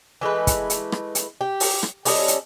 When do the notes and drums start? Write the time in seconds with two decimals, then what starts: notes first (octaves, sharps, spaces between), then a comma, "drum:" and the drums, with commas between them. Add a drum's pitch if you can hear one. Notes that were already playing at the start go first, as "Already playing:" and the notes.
0.21 E3 G#3 A3 B4
0.47 drum: kick, hi-hat
0.70 drum: hi-hat
0.92 drum: rim click
1.15 drum: hi-hat
1.41 G4
1.60 drum: open hi-hat
1.83 drum: rim click
2.05 G3 C#4 A4 D#5, drum: open hi-hat
2.28 drum: hi-hat